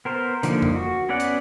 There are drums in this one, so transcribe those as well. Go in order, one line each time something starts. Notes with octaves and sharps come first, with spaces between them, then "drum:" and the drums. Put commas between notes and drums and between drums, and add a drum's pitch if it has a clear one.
B3 A#4 C5
D3 F3 A#3 D#4, drum: hi-hat
drum: tom F2
F#4
B3 C#4 D5 F#5
drum: hi-hat